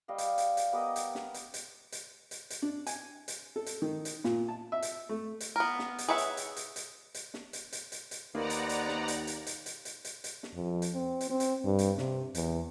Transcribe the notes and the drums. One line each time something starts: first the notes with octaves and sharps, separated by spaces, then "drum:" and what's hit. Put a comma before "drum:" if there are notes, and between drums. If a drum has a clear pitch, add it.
G3 D#5 F5
drum: hi-hat
drum: hi-hat
drum: hi-hat
B3 G4 A#4 D#5
drum: hi-hat
drum: snare
drum: hi-hat
drum: hi-hat
drum: hi-hat
drum: hi-hat
drum: hi-hat
D4
G#5, drum: hi-hat
drum: hi-hat
A4
drum: hi-hat
D#3
drum: hi-hat
A#2, drum: snare
A5
E5
drum: hi-hat
A3
drum: hi-hat
B3 A#4
drum: snare
drum: hi-hat
G#4 B4 C#5 E5 F#5
drum: hi-hat
drum: hi-hat
drum: hi-hat
drum: hi-hat
drum: hi-hat
drum: snare
drum: hi-hat
drum: hi-hat
drum: hi-hat
drum: hi-hat
D#2 A#3 B4 C5 D5 D#5 F#5 A#5
drum: hi-hat
drum: hi-hat
drum: snare
drum: hi-hat
drum: hi-hat
drum: hi-hat
drum: hi-hat
drum: hi-hat
drum: hi-hat
drum: hi-hat
drum: snare
F2
drum: hi-hat
C4
drum: hi-hat
C4
drum: hi-hat
G2
drum: hi-hat
C3, drum: snare
E2, drum: hi-hat